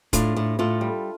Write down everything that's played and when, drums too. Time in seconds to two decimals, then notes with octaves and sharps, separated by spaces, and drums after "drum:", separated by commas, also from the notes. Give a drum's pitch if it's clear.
0.13 A2 D4 F4, drum: kick, hi-hat
0.36 A2
0.59 A2 F4 A4
0.81 G3